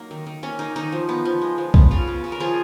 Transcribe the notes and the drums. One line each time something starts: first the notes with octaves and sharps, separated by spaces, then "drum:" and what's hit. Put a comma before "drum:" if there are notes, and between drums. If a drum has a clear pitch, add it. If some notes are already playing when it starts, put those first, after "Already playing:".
Already playing: F#3 A#3 D#4
D#3
D#3
A#3 C#4
A#3 D#4
D#3 D#4
F3
B3
F3
G#3
F3
B3, drum: kick B1
C#3 C#4 F4
B3
C#3
A#4
F3 F4 G#4